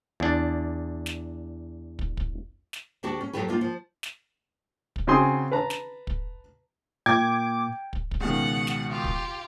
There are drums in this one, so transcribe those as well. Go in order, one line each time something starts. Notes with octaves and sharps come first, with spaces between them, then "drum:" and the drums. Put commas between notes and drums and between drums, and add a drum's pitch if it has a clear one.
E2 D4
drum: snare
drum: kick
drum: kick
drum: snare
D2 D4 F#4 G4 A5
C#4
F2 B2 F#3 A3 G4 B4
A#3 D4 D#4 F4
F3
drum: snare
drum: kick
C#3 C4 F#4 G#5 C6 D#6
B4 A5 A#5
drum: snare
drum: kick
A#2 G5 D6 G#6
drum: kick
drum: kick
C#2 B2 D#3 F#5
drum: snare
F4 G4
drum: kick